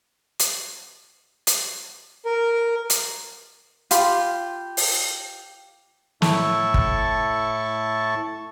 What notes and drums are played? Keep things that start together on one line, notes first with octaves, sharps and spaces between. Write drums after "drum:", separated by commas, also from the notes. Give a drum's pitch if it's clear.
drum: hi-hat
drum: hi-hat
A#4
drum: hi-hat
F4 G4 B5 C6, drum: hi-hat
drum: open hi-hat
A2 E4 A4 A5 C#6, drum: snare
drum: kick G1